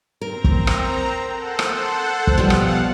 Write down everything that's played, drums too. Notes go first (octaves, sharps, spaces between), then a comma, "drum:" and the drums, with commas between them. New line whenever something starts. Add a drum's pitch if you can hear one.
C4 A#4 A#5
drum: kick
drum: rim click
A4 C5 F#5
drum: rim click
drum: kick
B2 F3 G3 F5 F#5 A5
drum: rim click